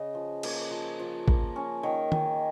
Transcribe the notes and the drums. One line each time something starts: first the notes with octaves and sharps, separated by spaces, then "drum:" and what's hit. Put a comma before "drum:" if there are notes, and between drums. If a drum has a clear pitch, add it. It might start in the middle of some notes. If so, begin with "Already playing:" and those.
Already playing: C#3 D#5
F3
A#3, drum: cymbal
F3
F3
A#3, drum: kick
C#4
D#3 C#5
D#3, drum: tom D#3